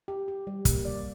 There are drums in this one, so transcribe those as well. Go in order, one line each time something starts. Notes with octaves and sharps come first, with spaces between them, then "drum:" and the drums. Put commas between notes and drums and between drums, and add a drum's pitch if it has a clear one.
G4
G4
G3
A#3, drum: kick, hi-hat
D5